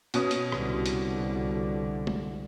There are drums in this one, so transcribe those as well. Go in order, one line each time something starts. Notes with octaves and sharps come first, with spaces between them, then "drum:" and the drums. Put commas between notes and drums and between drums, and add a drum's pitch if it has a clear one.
B2 C#4 D#6, drum: hi-hat
drum: hi-hat
C2 D3, drum: rim click
drum: hi-hat
drum: tom